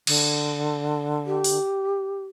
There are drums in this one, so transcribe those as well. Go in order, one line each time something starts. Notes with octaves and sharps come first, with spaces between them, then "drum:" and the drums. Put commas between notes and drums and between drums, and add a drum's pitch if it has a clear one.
D3, drum: cymbal
G4
drum: open hi-hat